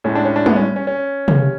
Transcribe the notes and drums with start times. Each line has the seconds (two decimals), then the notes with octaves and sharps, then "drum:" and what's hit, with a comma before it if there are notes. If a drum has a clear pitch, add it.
0.04 A2 G#3 C#4
0.15 D4
0.25 C#4
0.36 D4
0.46 B3, drum: tom G3
0.56 C#4
0.76 C#4
0.87 C#4
1.28 drum: tom C3